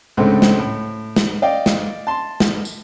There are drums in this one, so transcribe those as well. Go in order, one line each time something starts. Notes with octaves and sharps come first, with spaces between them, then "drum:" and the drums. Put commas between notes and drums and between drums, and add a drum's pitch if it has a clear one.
C#2 G#2 D3 G#3 A3 C4
drum: snare
A2
drum: snare
D5 D#5 F5 G5
drum: snare
A5 C6
drum: snare
drum: tambourine